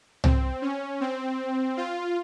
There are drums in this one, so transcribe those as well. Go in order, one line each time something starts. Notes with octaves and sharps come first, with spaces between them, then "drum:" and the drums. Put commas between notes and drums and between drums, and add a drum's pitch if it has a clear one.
C4, drum: tom C2
C#4
C4
F4